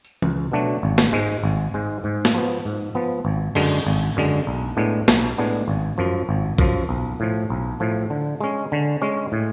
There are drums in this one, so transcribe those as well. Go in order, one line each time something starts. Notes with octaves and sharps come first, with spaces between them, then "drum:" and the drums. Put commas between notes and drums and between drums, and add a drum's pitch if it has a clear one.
drum: tambourine
C#2, drum: tom
B2 F#3 A3 D4
G#1
drum: snare
G#2 G#3
G#1
G#2 G#3
G#2
drum: snare
F3 B3
G#2
F3 B3
G#1
F#2 D3 G#3, drum: cymbal
G#1
F#2 D3 G#3
B1
A2 G#3 B3 D4
B1, drum: snare
A2 G#3 B3 D4
G#1
F#2 F3
G#1
F#2 F3, drum: kick
B1
A2 F3
B1
A2 F3
D3
G#3 C#4
D3
G#3 C#4
A2